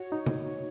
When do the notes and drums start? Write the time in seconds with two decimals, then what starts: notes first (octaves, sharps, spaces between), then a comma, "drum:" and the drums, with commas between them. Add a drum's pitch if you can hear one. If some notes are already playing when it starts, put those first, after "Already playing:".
Already playing: F#4 C#5
0.12 D#4
0.26 drum: tom C#3